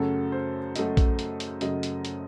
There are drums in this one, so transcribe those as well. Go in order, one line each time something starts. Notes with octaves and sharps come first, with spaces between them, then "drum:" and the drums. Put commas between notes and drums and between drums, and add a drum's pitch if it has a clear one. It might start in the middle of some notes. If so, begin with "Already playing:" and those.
Already playing: F#2 C#3 F#3 A3 A4
C5
F#2 C#3 F#3 A3 D#5, drum: hi-hat
drum: kick A#1, hi-hat
drum: hi-hat
drum: hi-hat
F#2 C#3 F#3 A3 D#5, drum: hi-hat
drum: hi-hat
drum: hi-hat